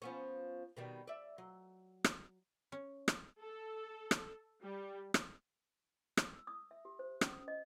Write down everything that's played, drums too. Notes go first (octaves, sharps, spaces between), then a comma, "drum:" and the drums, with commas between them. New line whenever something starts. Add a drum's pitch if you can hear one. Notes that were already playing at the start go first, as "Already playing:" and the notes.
F3 B3 C#4
B2 D#3 G3
D5 E5
F#3
drum: rim click
C#4
drum: rim click
A4
drum: rim click
G3
drum: rim click
drum: rim click
E6
D#6
E5
G4
C5
C#4, drum: rim click
D#6
D#5